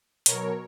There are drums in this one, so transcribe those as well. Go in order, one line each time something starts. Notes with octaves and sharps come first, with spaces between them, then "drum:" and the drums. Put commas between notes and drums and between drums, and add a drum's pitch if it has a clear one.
B2 F#3 A#4 C#5, drum: hi-hat